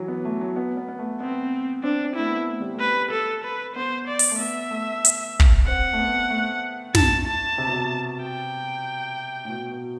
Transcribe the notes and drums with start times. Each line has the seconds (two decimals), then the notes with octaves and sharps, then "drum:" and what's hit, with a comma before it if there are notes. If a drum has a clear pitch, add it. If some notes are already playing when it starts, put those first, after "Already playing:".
Already playing: E3 F#3
0.08 B3
0.25 A3
0.41 F#3
0.56 B3
0.77 B3
0.88 B3
0.99 A3
1.20 B3 C4
1.83 C4 D4
2.05 C4
2.16 A3 E4
2.27 B3
2.48 A3
2.61 G3
2.74 A3
2.80 B4
3.11 A4
3.44 B4
3.76 B3 C5
4.08 D5
4.19 drum: open hi-hat
4.31 A3
4.39 B3 E5
4.71 A3
5.05 drum: hi-hat
5.40 drum: kick
5.67 C4 F#5
5.93 A3
5.98 B3
6.30 A3
6.95 A5, drum: snare
7.27 A5
7.58 C3
7.66 B2
7.73 C3
8.22 G5
9.45 A2
9.50 B2
9.71 B2